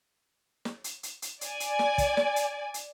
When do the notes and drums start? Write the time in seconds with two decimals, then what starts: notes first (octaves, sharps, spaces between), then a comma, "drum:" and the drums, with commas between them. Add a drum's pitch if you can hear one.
0.65 drum: snare
0.84 drum: hi-hat
1.03 drum: hi-hat
1.22 drum: hi-hat
1.41 D5 G#5, drum: hi-hat
1.60 drum: hi-hat
1.79 drum: snare
1.98 drum: kick, hi-hat
2.17 drum: snare
2.36 drum: hi-hat
2.74 drum: hi-hat